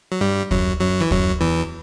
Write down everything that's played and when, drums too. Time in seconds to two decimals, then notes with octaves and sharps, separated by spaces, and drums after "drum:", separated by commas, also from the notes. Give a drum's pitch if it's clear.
0.12 F#3
0.21 G2 G3
0.51 F#2 F#3, drum: kick
0.80 F#2 F#3
1.01 E3
1.11 F#2 F#3, drum: kick
1.41 E2 E3